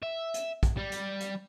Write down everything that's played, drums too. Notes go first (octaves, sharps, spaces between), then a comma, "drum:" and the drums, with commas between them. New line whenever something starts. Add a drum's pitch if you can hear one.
E5
drum: hi-hat
drum: kick, hi-hat
G3
drum: hi-hat
drum: hi-hat